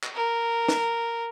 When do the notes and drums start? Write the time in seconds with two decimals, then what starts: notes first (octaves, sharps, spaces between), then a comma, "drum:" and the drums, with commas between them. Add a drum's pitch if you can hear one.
0.03 drum: clap
0.14 A#4
0.68 drum: snare